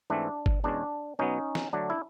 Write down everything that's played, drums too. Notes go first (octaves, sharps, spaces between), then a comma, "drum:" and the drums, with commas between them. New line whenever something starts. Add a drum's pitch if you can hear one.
G#2 E3 A3 C4 D4
drum: kick G1
E2 B2 G#3 C#4 D4
B2 F#3 B3 C#4 D#4
drum: snare
D3 F#3 A3 D4
E4